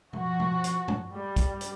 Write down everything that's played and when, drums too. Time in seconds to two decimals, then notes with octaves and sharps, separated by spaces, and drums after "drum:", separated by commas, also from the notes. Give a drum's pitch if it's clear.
0.13 F3 F#4, drum: tom
0.40 drum: tom
0.64 drum: hi-hat
0.88 drum: tom
1.12 G3
1.36 drum: kick, hi-hat
1.61 drum: hi-hat